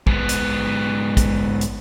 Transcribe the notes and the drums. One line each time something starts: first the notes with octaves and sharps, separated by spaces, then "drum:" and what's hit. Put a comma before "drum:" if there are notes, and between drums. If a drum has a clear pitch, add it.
G#2 B3, drum: kick
drum: hi-hat
drum: kick, hi-hat
drum: hi-hat